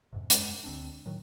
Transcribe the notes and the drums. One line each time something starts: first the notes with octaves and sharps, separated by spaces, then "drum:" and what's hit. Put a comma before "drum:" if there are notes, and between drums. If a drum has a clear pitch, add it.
F2 G#2 C3
F#2 G#3, drum: hi-hat
D2 C4 D4
A2 D#3 F#3